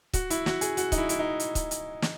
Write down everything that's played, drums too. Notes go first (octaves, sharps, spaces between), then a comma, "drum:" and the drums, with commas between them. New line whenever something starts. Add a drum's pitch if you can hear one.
F#4, drum: kick C#1, hi-hat
E4, drum: hi-hat
F#4, drum: snare
G#4, drum: hi-hat
F#4, drum: hi-hat
D#4, drum: kick C#1, hi-hat
E4
E4, drum: hi-hat
D#4
drum: hi-hat
drum: kick C#1, hi-hat
drum: hi-hat
drum: snare